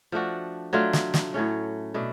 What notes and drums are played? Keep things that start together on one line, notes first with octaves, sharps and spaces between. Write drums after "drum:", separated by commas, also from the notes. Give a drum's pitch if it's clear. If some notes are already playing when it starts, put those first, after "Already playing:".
F3 A3 D4 F#4
F#3 A3 D4 F4
drum: snare
drum: snare
A2 F#3 A3 C#4
B2 A3 D4